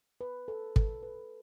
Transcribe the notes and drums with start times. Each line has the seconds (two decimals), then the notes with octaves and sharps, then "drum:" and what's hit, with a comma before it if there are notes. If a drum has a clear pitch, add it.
0.21 B4
0.48 A4
0.76 A4, drum: kick
1.03 B4